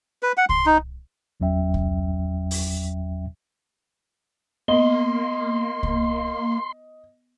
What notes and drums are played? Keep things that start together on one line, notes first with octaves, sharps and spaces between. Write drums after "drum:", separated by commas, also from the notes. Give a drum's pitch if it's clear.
B4
F#5
C6, drum: kick C2
D#4
G1 E2 F#3 C#4 E5 G5
drum: kick C2
drum: open hi-hat
A#3 B3 D#5 C6
drum: kick C2